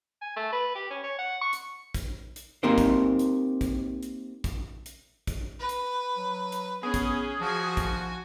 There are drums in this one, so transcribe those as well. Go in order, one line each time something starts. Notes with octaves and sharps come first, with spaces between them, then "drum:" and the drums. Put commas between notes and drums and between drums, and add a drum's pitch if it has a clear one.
G#5
A3
B4
G4
C#4
C#5
F#5
C#6
drum: hi-hat
drum: kick A1, hi-hat
drum: hi-hat
A#3 C4 D#4 G4 A#4 C5
drum: kick A1, hi-hat
drum: hi-hat
drum: kick A1, hi-hat
drum: hi-hat
drum: kick A1, hi-hat
drum: hi-hat
drum: kick A1, hi-hat
B4
drum: hi-hat
F#3
drum: hi-hat
B3 C#4 G#4
drum: kick A1, hi-hat
F3 F#4 G#5
drum: kick A1, hi-hat